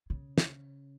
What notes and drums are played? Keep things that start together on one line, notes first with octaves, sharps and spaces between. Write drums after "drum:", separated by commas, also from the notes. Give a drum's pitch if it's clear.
C#3
drum: snare